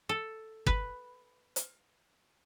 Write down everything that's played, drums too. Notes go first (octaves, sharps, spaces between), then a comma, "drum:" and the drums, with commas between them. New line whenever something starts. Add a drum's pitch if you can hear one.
A4
B4, drum: kick
drum: hi-hat